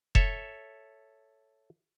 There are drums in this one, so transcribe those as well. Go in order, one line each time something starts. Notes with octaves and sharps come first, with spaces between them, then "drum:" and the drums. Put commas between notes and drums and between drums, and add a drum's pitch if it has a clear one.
A4 C#5 E5, drum: kick F1